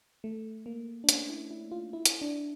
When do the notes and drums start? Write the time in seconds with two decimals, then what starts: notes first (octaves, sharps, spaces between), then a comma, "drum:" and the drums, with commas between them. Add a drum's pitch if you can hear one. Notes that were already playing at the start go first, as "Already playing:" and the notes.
0.24 A3
0.66 A#3
1.04 D4
1.09 C#4, drum: hi-hat
1.30 E4
1.51 E4
1.71 F4
1.93 E4
2.06 drum: hi-hat
2.21 D4